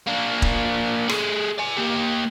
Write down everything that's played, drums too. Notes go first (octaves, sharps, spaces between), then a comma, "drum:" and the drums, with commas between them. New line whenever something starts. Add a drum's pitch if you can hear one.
A#3 D4
drum: kick E1
A3 G#4, drum: rim click
D5 G#5
A#3 G4